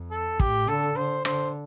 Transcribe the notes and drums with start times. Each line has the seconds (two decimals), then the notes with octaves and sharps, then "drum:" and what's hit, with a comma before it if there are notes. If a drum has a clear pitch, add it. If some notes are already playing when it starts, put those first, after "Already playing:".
Already playing: F2
0.11 A4
0.40 A2 G4, drum: kick
0.68 D3 A4
0.96 D3 C5
1.25 D3 C5, drum: rim click